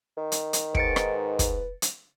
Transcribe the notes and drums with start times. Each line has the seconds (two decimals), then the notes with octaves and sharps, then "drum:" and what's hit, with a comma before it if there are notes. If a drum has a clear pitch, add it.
0.18 D#3
0.32 drum: hi-hat
0.53 drum: hi-hat
0.75 G#2 B4 A6 C#7 D7, drum: kick
0.96 drum: rim click
1.39 drum: kick, hi-hat
1.82 drum: hi-hat